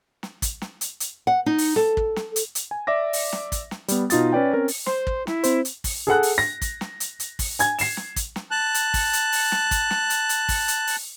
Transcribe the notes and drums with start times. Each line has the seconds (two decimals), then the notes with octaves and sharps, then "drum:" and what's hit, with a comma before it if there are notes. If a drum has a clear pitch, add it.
0.23 drum: snare
0.42 drum: kick, hi-hat
0.62 drum: snare
0.81 drum: hi-hat
1.00 drum: hi-hat
1.27 F#5
1.46 D#4
1.58 drum: open hi-hat
1.76 A4, drum: snare
1.97 drum: kick
2.16 drum: snare
2.36 drum: hi-hat
2.55 drum: hi-hat
2.71 G#5
2.87 D5 E5 D6 A#6
3.13 drum: open hi-hat
3.33 drum: snare
3.52 drum: kick, hi-hat
3.71 drum: snare
3.88 G3 B3, drum: hi-hat
4.10 B2 D#4 F4 D#6 A6, drum: hi-hat
4.33 C#4 B4 D5 G5
4.53 C4 C#4 A#4
4.68 drum: open hi-hat
4.86 C5 C6, drum: snare
5.07 drum: kick
5.27 E4, drum: snare
5.44 C4 C5, drum: hi-hat
5.65 drum: hi-hat
5.84 drum: kick, open hi-hat
6.07 G#4 A4 F#5 F#6
6.23 drum: open hi-hat
6.38 A#6
6.62 drum: kick, hi-hat
6.81 drum: snare
7.00 drum: hi-hat
7.20 drum: hi-hat
7.39 drum: kick, open hi-hat
7.59 G#5 G#6, drum: hi-hat
7.79 C7 E7, drum: open hi-hat
7.97 drum: snare
8.16 drum: kick, hi-hat
8.36 drum: snare
8.51 A5 F#6
8.74 drum: hi-hat
8.94 drum: kick, open hi-hat
9.13 drum: hi-hat
9.32 drum: open hi-hat
9.52 drum: snare
9.71 drum: kick, hi-hat
9.91 drum: snare
10.10 drum: hi-hat
10.29 drum: hi-hat
10.49 drum: kick, open hi-hat
10.68 drum: hi-hat
10.87 drum: open hi-hat